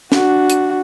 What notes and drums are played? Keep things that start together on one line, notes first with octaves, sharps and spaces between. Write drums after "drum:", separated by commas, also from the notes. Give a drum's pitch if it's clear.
D4 F#4, drum: snare
drum: hi-hat